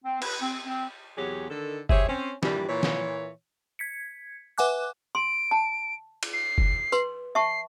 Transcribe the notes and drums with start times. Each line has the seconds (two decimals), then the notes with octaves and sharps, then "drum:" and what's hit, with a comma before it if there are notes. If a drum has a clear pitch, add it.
0.03 C4
0.22 B4, drum: cymbal
0.41 C4
0.65 C4
1.16 E2 C3 F#3 G4 G#4 C#5
1.49 D3 D#3 A4
1.89 G4 G#4 C5 C#5 E5, drum: kick F#1
2.08 C4 C#4
2.43 G2 A#2 E3 G3, drum: snare
2.68 A#2 E3 C#5
2.83 drum: snare
3.79 G#6 B6 C#7
4.58 B4 E5 F#5 G#5 D6 F#6
5.15 C6 D7
5.51 A5
6.23 drum: cymbal
6.33 C7
6.58 drum: kick F#1
6.92 B4 C6, drum: tambourine
7.35 E5 A5 C#6 C7